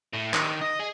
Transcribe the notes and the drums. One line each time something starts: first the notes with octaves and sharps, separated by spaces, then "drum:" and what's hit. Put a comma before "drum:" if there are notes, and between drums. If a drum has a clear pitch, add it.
A2
D#3, drum: clap
D#5
G#4